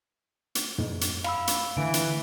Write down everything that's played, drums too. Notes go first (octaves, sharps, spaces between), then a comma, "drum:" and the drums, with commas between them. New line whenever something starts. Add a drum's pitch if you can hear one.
drum: hi-hat
drum: tom
drum: hi-hat
F5 B5 E6, drum: rim click
drum: hi-hat
D3 E3 A3 D7
drum: hi-hat